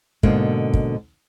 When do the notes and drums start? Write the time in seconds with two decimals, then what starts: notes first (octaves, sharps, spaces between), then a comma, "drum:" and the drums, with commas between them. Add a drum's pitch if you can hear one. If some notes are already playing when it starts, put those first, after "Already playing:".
0.23 G#2 B2 D3 A#3, drum: kick
0.73 drum: kick